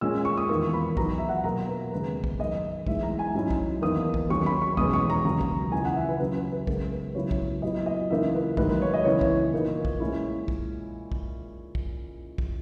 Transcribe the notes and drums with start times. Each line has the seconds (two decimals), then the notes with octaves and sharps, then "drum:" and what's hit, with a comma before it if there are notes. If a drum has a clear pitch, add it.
0.01 A#2 G#3 C#4 E6
0.25 C#6
0.37 D#6
0.49 E2 D#3 A#3 C#6
0.74 B5
0.97 A#2 F#3 B3 D#4 A#5, drum: kick
1.18 E5
1.29 F#5
1.44 B2 F#3 A#3 A#5
1.69 B4
1.92 D#2 C#3 G#3 B3 B4
2.24 drum: kick
2.39 F#2 D#3 G#3 D#4 D#5
2.87 G#2 E3 G#3 B3 E5, drum: kick
3.03 A#5
3.19 G#5
3.35 G#2 F#3 C#4 E4
3.51 drum: kick
3.82 E2 D#3 A#3 D#4 D#6
4.14 drum: kick
4.30 D#2 D#3 F#3 C#4 C#6
4.41 C#6
4.46 B5
4.62 C#6
4.77 E2 B2 G#3 C#4 D#6, drum: kick
4.93 C#6
5.10 A#5
5.25 D#2 C#3 F#3 A#5
5.41 drum: kick
5.72 C#2 C#3 E3 G#5
5.85 F#5
5.96 E5
6.09 B4
6.20 C#3 F#3 C#4 B4
6.36 B4
6.52 B4
6.67 C#3 G#3 B3 A#4, drum: kick
6.92 B4
7.15 C#3 F#3 B3 E4 C#5
7.31 drum: kick
7.62 A#2 F#3 B3 E4 D#5
7.86 D#5
8.10 C#2 C#3 E3 A#3 D#4 E5
8.34 B4
8.57 G#2 D#3 F#3 A#3 B4, drum: kick
8.69 B4
8.82 C#5
8.94 D#5
9.05 C#3 E3 B3 E4 C#5
9.21 drum: kick
9.53 A#2 A#3 D#4
9.85 drum: kick
10.00 A#2 G#3 C#4 E4
10.48 drum: kick
11.12 drum: kick
11.75 drum: kick
12.38 drum: kick